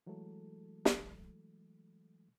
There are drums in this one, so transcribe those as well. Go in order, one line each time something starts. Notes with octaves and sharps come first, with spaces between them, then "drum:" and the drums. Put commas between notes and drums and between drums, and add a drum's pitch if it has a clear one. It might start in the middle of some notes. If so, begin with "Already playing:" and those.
E3 F#3 G#3 A3 A4
drum: snare